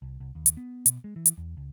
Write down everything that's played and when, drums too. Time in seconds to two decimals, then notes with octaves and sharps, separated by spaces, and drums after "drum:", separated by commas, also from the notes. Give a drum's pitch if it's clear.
0.02 C2
0.20 C2
0.35 D#2
0.46 drum: hi-hat
0.57 B3
0.86 B2, drum: hi-hat
1.04 G#3
1.16 E3
1.26 drum: hi-hat
1.38 E2
1.57 C#2